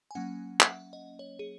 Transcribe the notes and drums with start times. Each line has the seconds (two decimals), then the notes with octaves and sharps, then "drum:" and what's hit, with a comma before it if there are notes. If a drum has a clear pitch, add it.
0.11 G#5
0.15 F#3 A#3 C#4 F#5
0.60 E5, drum: clap
0.67 F#5
0.93 D#5
1.19 C#5
1.39 G#4